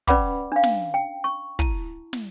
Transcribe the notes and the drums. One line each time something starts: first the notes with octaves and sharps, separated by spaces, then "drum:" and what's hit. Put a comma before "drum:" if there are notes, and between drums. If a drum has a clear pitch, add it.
C#4 B4 D5 F#5 B5 D6, drum: kick
D4 F5
drum: snare
G5
C#6
E4 A5, drum: kick
drum: snare